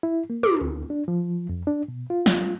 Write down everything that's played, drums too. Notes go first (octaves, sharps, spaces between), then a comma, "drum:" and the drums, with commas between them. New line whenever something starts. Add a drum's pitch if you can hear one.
E4
A#3
D6, drum: tom
D2
D4
F3
F2
D4
B2
F4
drum: snare